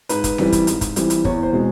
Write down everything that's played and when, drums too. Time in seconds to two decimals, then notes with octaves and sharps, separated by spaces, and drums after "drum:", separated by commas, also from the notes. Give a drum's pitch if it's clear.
0.09 G#2 B4, drum: hi-hat
0.24 drum: kick, hi-hat
0.38 E3 G3 C4, drum: snare C#4
0.52 drum: kick, hi-hat
0.67 G#2, drum: hi-hat
0.81 drum: kick, hi-hat
0.96 E3 G3 C4, drum: hi-hat
1.10 drum: hi-hat
1.25 E2 C#5, drum: kick
1.43 C5
1.52 B2 G#3 C4